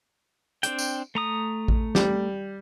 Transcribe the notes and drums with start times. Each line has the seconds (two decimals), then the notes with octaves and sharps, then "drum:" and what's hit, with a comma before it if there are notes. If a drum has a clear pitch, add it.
0.63 C4 D4 G5, drum: hi-hat
0.79 drum: tambourine
1.15 A3 A#5 D#6
1.68 drum: kick A1
1.95 G3, drum: snare